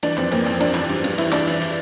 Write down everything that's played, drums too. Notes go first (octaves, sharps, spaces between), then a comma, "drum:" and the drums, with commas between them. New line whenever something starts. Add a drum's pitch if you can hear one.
E3 D4, drum: cymbal
F2 C4, drum: clap
F2 A#3, drum: cymbal
F2 C4, drum: cymbal
G2 D4, drum: cymbal
E3, drum: clap
G2, drum: cymbal
G2, drum: cymbal
E3 E4, drum: cymbal
E3 D4, drum: clap
E3, drum: cymbal
drum: cymbal